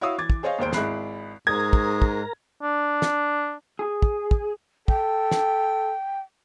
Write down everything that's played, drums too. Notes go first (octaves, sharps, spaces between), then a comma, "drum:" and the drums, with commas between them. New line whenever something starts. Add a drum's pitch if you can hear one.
E4 F#4 C#5 F5 D#6 E6
E3 D6 G#6 A6
drum: kick
G#4 C5 C#5 D#5 F5
E1 D#2 C5 D7
G#1 G#3 E4 B5 F#6 C7, drum: snare
G#2 A#4 A#5 D#6 G#6
drum: kick
drum: kick
D4
drum: snare
G#4
drum: kick
drum: kick
A4 G5, drum: kick
drum: snare